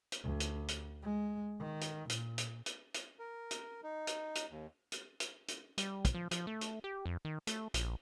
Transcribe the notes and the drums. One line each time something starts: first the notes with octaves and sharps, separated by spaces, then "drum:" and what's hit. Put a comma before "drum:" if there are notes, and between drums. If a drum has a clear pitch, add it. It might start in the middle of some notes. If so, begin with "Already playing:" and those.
drum: hi-hat
D2
drum: hi-hat
drum: hi-hat
G#3
D#3
drum: hi-hat
A#2, drum: hi-hat
drum: hi-hat
drum: hi-hat
drum: hi-hat
A#4
drum: hi-hat
D#4
drum: hi-hat
drum: hi-hat
D#2
drum: hi-hat
drum: hi-hat
drum: hi-hat
G3, drum: hi-hat
drum: kick, hi-hat
F3
F3, drum: hi-hat
A3
drum: hi-hat
G4
F2
D#3
A3, drum: hi-hat
A#1, drum: hi-hat